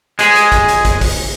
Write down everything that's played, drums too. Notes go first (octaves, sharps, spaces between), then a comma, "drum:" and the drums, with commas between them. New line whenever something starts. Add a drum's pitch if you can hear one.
G#3 G#4, drum: hi-hat
drum: hi-hat
drum: kick, hi-hat
drum: hi-hat
drum: kick, hi-hat
drum: kick, open hi-hat